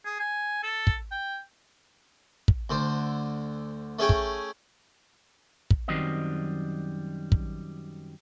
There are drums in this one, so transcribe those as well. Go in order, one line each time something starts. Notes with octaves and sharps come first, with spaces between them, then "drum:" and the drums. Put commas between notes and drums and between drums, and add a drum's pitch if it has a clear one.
G#4
G#5
A4
drum: kick
G5
drum: kick
D2 D3 C5
A3 C#4 G#4 G5
drum: kick
drum: kick
F#2 D#3 F#3 G3 C4 D#5
drum: kick